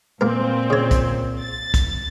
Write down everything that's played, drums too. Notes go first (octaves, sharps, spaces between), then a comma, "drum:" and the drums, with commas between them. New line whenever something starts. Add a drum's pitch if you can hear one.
A#2 A#3 C4 A#4
C#3 C#5
drum: kick B1, hi-hat
A6
drum: kick B1, hi-hat